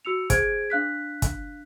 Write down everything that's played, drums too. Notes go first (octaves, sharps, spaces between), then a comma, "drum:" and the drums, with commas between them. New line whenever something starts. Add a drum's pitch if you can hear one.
F#4 E6 C#7 F7
G#4 C5 G#6 D7, drum: kick, hi-hat
D4 F5 F#6 B6
drum: kick, hi-hat